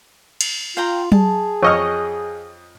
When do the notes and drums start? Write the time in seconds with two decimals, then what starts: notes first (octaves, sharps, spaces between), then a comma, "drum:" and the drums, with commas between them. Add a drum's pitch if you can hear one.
0.41 drum: cymbal
0.77 F4 F5 G5 A#5
1.12 G#4 A5, drum: tom F#3
1.63 F2 C#5 D#5 F6